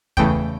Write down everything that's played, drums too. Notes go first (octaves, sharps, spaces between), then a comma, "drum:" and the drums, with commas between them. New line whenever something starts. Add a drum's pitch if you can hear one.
E2 C#3 E3 A3 G5, drum: kick